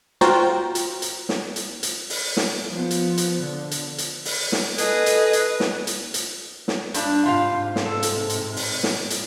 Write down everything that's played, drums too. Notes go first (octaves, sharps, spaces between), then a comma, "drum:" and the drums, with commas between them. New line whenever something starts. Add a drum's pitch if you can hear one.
F4 F#4 C5 G5 A#5, drum: snare
drum: hi-hat
drum: hi-hat
drum: snare
drum: hi-hat
drum: hi-hat
drum: open hi-hat
drum: snare
F3 B3
drum: hi-hat
drum: hi-hat
D3
drum: hi-hat
drum: hi-hat
drum: open hi-hat
drum: snare
G#4 A4 B4 D#5, drum: hi-hat
drum: hi-hat
drum: hi-hat
drum: snare
drum: hi-hat
drum: hi-hat
drum: snare
G2 D4, drum: hi-hat
G#2 C3 F4 G4 F5
drum: snare
A4
drum: hi-hat
drum: hi-hat
drum: open hi-hat
drum: snare
drum: hi-hat